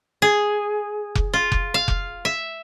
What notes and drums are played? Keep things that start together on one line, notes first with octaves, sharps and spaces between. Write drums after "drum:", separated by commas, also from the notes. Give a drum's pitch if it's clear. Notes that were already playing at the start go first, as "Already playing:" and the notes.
G#4
drum: kick F1
F4
drum: kick F1
F5
drum: kick F1
E5